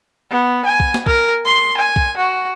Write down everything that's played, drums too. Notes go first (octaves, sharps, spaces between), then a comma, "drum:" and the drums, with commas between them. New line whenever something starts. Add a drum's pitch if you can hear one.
B3
G#5
drum: kick B1
drum: snare
A#4, drum: kick B1
C6
G#5
drum: kick B1
F#4